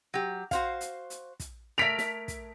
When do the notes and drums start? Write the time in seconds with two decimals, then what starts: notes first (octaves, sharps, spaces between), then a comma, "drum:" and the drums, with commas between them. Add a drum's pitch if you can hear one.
0.14 F#3 G4
0.51 F#4 C5 F5, drum: kick, hi-hat
0.81 drum: hi-hat
1.10 drum: hi-hat
1.40 drum: kick, hi-hat
1.78 A3 A#4 B6 D7 F7
1.99 drum: snare
2.28 drum: kick, hi-hat